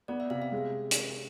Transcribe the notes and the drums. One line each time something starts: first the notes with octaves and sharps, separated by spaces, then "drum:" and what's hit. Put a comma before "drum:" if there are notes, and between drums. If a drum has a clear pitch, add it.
B3 D5
E5
C3 F5
E5
G#3
drum: hi-hat